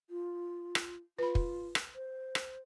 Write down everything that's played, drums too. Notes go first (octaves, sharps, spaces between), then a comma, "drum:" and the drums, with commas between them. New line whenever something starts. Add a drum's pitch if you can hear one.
F4
drum: rim click
F4 B4 B5
drum: kick
drum: rim click
C5
drum: rim click